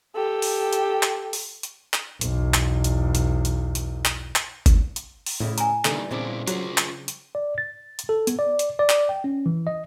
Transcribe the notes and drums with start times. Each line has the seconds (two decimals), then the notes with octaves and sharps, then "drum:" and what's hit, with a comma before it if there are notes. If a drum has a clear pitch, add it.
0.16 G4 A4
0.42 drum: open hi-hat
0.73 drum: hi-hat
1.03 drum: clap
1.33 drum: open hi-hat
1.63 drum: hi-hat
1.94 drum: clap
2.21 B1 E2, drum: hi-hat
2.54 drum: clap
2.84 drum: hi-hat
3.15 drum: hi-hat
3.45 drum: hi-hat
3.75 drum: hi-hat
4.05 drum: clap
4.36 drum: clap
4.66 drum: kick G1, hi-hat
4.96 drum: hi-hat
5.26 drum: open hi-hat
5.40 D2 A2 C#3 E4
5.58 G#5 A#5, drum: hi-hat
5.85 B2 D3 E3 G3 A#3 D#4 G#4, drum: clap
6.11 A#2 C#3 B3 C4 D4 E4
6.47 F#3 F4 G#4, drum: hi-hat
6.78 drum: clap
7.08 drum: hi-hat
7.35 D5
7.58 A6
7.99 drum: hi-hat
8.09 A4
8.27 B3, drum: hi-hat
8.39 D5
8.59 drum: hi-hat
8.79 D5
8.90 drum: clap
9.09 G5
9.24 C#4
9.46 E3
9.67 D#5